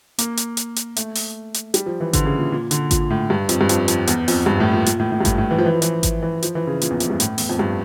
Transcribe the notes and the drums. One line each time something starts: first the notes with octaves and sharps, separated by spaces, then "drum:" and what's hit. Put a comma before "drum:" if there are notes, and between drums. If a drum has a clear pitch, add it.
A#3, drum: hi-hat
drum: hi-hat
drum: hi-hat
drum: hi-hat
A3, drum: hi-hat
drum: open hi-hat
drum: hi-hat
G3, drum: hi-hat
F3
E3
D3, drum: kick G#1, hi-hat
C#3
A#2
A#2
D3, drum: hi-hat
A#2, drum: kick G#1, hi-hat
A2
G2
F2, drum: hi-hat
G2
F2, drum: hi-hat
F2, drum: hi-hat
E2, drum: hi-hat
F2, drum: open hi-hat
G2
A2
A#2
A#2, drum: hi-hat
A2
A2
G2
A2, drum: kick G#1, hi-hat
A2
E3
F3
E3
F3
E3, drum: hi-hat
drum: kick G#1, hi-hat
E3
F3, drum: hi-hat
E3
C#3
A#2, drum: hi-hat
E2
F2, drum: hi-hat
G2
A2, drum: hi-hat
E2, drum: open hi-hat
F2
G2